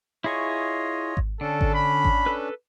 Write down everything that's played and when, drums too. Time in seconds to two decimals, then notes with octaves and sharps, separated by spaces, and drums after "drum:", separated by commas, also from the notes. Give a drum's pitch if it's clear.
0.24 E4 F4 G#4 C#5 D#5 C#6
1.17 drum: kick G#1
1.41 D3 C#4 D4 A4
1.61 drum: kick G#1
1.74 B5
2.05 drum: kick G#1
2.26 A4 B4